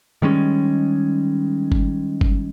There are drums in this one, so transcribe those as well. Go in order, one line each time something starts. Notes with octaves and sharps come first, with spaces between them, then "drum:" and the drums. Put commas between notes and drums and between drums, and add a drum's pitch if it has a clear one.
D#3 G3 G#3 C#4
drum: kick
drum: kick